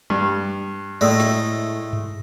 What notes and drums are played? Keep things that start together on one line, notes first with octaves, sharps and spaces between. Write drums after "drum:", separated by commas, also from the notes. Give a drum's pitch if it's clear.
G2, drum: tom G3
A2 G#3 A3 D5 D#6
drum: snare
drum: tom G#2